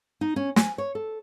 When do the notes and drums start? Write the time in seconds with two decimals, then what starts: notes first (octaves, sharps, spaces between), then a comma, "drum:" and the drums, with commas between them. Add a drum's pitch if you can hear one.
0.21 D#4
0.36 C#4
0.56 G#5, drum: snare
0.78 C#5
0.95 A4